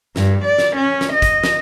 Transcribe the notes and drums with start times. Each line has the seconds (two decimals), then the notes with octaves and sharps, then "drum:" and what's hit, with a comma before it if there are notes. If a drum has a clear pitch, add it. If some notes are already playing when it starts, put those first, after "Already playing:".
0.16 G2, drum: snare
0.45 D5
0.58 drum: snare
0.76 C#4
1.01 drum: snare
1.13 D#5
1.22 drum: kick G#1, hi-hat
1.44 drum: snare